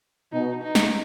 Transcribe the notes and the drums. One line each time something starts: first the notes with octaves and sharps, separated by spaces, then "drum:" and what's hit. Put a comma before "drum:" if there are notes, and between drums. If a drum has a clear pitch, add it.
B2 D#4
D#4
drum: snare